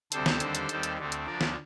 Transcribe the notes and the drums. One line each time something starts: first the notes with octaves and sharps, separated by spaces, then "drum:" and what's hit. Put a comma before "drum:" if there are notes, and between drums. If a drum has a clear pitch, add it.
D2 C3 G3 C4 A4 C5, drum: hi-hat
drum: snare
D#2 D3 G3 C4, drum: hi-hat
drum: hi-hat
D#2 D#3 G3 C4, drum: hi-hat
drum: hi-hat
D2 D3 A3 C4
drum: hi-hat
D2 D3 F3 A#4 D5
drum: snare